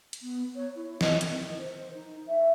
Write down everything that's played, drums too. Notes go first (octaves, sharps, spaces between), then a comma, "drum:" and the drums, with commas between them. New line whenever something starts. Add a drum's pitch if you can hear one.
drum: hi-hat
B3
C#5
E4
D#5, drum: snare
D#3, drum: hi-hat
C5
D#4
E5